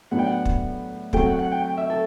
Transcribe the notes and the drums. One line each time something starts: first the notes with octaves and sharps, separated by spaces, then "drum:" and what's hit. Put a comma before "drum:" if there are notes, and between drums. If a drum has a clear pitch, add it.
A2 F#3 B3 D4 F#5
G5
F#5
drum: kick
F#3 A3 C4 F#4 G5, drum: kick
F#5
F#5
G5
G5
E5
A4